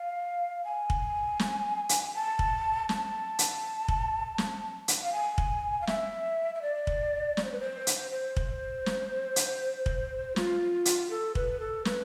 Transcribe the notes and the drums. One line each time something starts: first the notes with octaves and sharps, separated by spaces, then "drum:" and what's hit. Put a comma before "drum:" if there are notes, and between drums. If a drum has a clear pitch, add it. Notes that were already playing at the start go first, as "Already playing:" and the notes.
Already playing: F5
G#5
drum: kick
drum: snare
drum: hi-hat
A5
drum: kick
A5, drum: snare
drum: hi-hat
drum: kick
drum: snare
drum: hi-hat
F5
G#5
drum: kick
F5
E5, drum: snare
E5
D5
drum: kick
D5, drum: snare
C5
B4
C5
drum: hi-hat
C5
drum: kick
drum: snare
drum: hi-hat
drum: kick
F4, drum: snare
drum: hi-hat
A4
B4, drum: kick
A4
B4, drum: snare